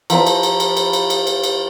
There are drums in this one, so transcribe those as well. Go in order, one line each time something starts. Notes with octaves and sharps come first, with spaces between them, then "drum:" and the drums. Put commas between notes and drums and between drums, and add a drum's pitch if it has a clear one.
F3 E4 B4 A#5, drum: cymbal
drum: cymbal
drum: cymbal
drum: cymbal
drum: cymbal
drum: cymbal
drum: cymbal
drum: cymbal
drum: cymbal